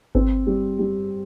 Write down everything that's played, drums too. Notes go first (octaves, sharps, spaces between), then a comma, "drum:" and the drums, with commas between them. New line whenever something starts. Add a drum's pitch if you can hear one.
C4, drum: kick G1
G3
G3